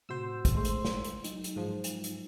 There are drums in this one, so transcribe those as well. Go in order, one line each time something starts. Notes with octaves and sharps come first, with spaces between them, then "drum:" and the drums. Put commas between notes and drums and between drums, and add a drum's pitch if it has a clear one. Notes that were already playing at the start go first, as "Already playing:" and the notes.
A2 C3 F#4 C5 E6
drum: kick, hi-hat
G#3 A3 C6
drum: hi-hat
drum: snare
drum: hi-hat
F#3 D#4, drum: hi-hat
drum: hi-hat
G#2 F3
drum: hi-hat
drum: hi-hat